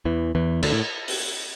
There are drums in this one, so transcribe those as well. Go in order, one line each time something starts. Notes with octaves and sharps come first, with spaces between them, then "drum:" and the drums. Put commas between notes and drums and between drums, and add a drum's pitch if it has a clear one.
E2 E3
E2 E3
D2 D3, drum: cymbal
A2
drum: open hi-hat